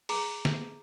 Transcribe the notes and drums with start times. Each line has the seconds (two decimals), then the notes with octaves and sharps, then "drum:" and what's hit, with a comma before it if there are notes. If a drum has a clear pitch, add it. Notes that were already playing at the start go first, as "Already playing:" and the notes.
0.09 G#4 A#5 D6, drum: open hi-hat
0.45 drum: snare